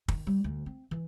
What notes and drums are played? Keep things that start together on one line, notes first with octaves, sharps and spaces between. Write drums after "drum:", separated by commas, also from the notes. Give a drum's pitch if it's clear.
D#3, drum: kick
G3
D2
C4
E3